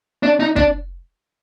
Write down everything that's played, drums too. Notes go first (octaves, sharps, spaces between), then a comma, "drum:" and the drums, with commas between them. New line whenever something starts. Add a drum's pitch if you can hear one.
D4
D#4
D4, drum: kick